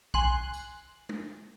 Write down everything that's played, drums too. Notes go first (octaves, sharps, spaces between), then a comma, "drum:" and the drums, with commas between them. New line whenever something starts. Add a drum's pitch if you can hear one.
G#5 C6 F#6, drum: kick
drum: tambourine
drum: tom